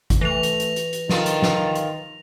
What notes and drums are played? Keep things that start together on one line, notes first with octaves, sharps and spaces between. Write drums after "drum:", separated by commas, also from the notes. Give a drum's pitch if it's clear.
drum: kick A1, hi-hat
E3 A3 A#6 F7
drum: hi-hat
drum: hi-hat
drum: hi-hat
drum: hi-hat
D3 D#3 F4, drum: snare
drum: hi-hat
drum: snare
drum: hi-hat